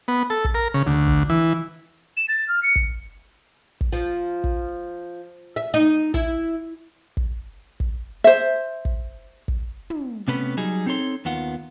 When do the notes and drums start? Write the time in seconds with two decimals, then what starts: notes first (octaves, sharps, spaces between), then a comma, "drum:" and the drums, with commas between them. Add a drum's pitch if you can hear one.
0.08 B3
0.30 A4
0.44 drum: kick
0.55 A#4
0.74 C#3
0.87 D2
1.08 drum: kick
1.30 E3
2.17 E7
2.28 A6
2.48 F6
2.63 C#7
2.76 drum: kick
3.81 drum: kick
3.93 F3
4.44 drum: kick
5.56 E5
5.74 D#4
6.14 E4, drum: kick
7.17 drum: kick
7.80 drum: kick
8.24 C5 E5
8.85 drum: kick
9.48 drum: kick
9.90 drum: tom
10.28 C3 A3 B3 C#4 B4
10.57 F#3 G3 D#4 G#4
10.86 C4 D#4 A4 C#5 C6
11.25 D#2 D#3 B3 F4 F#5